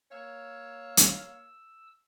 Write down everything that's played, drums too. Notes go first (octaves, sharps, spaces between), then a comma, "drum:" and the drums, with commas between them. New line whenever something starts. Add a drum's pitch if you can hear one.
A#3 C#5 F5 E6
drum: hi-hat